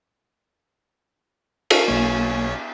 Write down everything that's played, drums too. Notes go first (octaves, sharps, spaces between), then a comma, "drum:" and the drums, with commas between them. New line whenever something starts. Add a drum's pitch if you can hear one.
A4 A#4 F5 C#6, drum: cymbal
B1 A#3 C#5